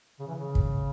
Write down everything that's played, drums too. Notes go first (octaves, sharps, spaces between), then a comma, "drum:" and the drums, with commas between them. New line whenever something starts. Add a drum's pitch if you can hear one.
C#3
E3
C#3
drum: kick